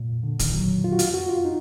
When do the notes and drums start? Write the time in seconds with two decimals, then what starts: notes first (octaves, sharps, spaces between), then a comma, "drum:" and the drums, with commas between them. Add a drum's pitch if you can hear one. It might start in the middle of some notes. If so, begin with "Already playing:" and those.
Already playing: A#2
0.23 D3
0.39 D#3, drum: kick, hi-hat
0.54 F#3
0.84 F4
0.92 F#4
0.99 F4, drum: hi-hat
1.14 F#4
1.29 F4
1.45 D#4